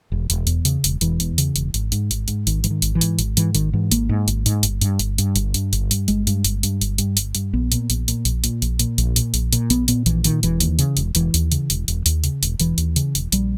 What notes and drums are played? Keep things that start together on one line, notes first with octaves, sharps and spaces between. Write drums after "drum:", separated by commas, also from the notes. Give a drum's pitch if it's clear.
E1
E1, drum: hi-hat
E2, drum: hi-hat
C#3, drum: hi-hat
E1, drum: hi-hat
E1 E3, drum: hi-hat
E2, drum: hi-hat
C#3, drum: hi-hat
E1, drum: hi-hat
G#1, drum: hi-hat
G#2, drum: hi-hat
G#1, drum: hi-hat
G#2, drum: hi-hat
G#1 D#3, drum: hi-hat
G#2 E3, drum: hi-hat
D#3
G#1, drum: hi-hat
E3
G#2, drum: hi-hat
G#1, drum: hi-hat
G#2 E3, drum: hi-hat
G#1 D#3, drum: hi-hat
G#2 E3
G#1 A#3, drum: hi-hat
G#2
G#1, drum: hi-hat
G#2, drum: hi-hat
G1, drum: hi-hat
G2, drum: hi-hat
G1, drum: hi-hat
G2, drum: hi-hat
G1, drum: hi-hat
G2, drum: hi-hat
G1, drum: hi-hat
G2, drum: hi-hat
G1 G#3, drum: hi-hat
G2, drum: hi-hat
G1, drum: hi-hat
G2, drum: hi-hat
G1, drum: hi-hat
G2, drum: hi-hat
G1, drum: hi-hat
G2, drum: hi-hat
A#1 B3
A#2, drum: hi-hat
A#1, drum: hi-hat
A#2, drum: hi-hat
A#1, drum: hi-hat
A#2, drum: hi-hat
A#1, drum: hi-hat
A#2, drum: hi-hat
A#1, drum: hi-hat
A#2, drum: hi-hat
A#1, drum: hi-hat
A#2, drum: hi-hat
A#1 B3, drum: hi-hat
A#2 B3, drum: hi-hat
A#1 E3, drum: hi-hat
A#2 D#3, drum: hi-hat
E1 E3, drum: hi-hat
D#2, drum: hi-hat
C#3, drum: hi-hat
E1, drum: hi-hat
E1 E3, drum: hi-hat
D#2, drum: hi-hat
C#3, drum: hi-hat
E1, drum: hi-hat
E1, drum: hi-hat
D#2, drum: hi-hat
C#3, drum: hi-hat
E1, drum: hi-hat
E1 E3, drum: hi-hat
D#2, drum: hi-hat
C#3, drum: hi-hat
E1, drum: hi-hat
A#1 G3, drum: hi-hat